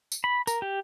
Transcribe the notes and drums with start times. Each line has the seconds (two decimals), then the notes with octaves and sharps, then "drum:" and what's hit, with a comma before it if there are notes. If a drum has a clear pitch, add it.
0.12 drum: tambourine
0.24 B5
0.47 A#4, drum: tambourine
0.62 G4